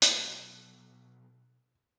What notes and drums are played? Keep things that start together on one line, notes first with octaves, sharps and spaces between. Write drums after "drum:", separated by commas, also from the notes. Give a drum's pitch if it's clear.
B2 F#3 A4 F#6, drum: hi-hat